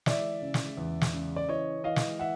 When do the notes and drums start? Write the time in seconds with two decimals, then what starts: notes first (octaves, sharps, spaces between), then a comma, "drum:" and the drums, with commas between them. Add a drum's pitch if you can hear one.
0.06 E3 D5 E5, drum: snare
0.42 C#3
0.54 drum: snare
0.77 E2
1.02 drum: snare
1.14 C#3
1.36 D5
1.49 E3 C#5 D#5
1.84 E3 D#5 F5
1.96 drum: snare
2.19 E3 E5 F#5